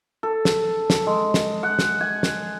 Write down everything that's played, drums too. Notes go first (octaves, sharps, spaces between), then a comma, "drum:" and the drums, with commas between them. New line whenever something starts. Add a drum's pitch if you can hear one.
A4
drum: snare
drum: snare
G#3
drum: snare
F#5
drum: snare
G#5
drum: snare